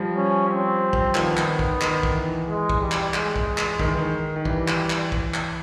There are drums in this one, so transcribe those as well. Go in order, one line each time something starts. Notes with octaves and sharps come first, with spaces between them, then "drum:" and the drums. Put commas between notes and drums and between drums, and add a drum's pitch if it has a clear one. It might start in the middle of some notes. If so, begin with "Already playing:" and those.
Already playing: F3 G3
C#4
C4
drum: kick
D#3 F3 B3, drum: clap
D#3, drum: clap
drum: kick
D#3, drum: clap
drum: kick
E3
G#3
drum: kick
G3
drum: clap
G#3, drum: clap
drum: kick
drum: clap
D#3, drum: kick
E3
D#3
D#3
E3 G3, drum: kick
drum: clap
drum: clap
drum: kick
drum: clap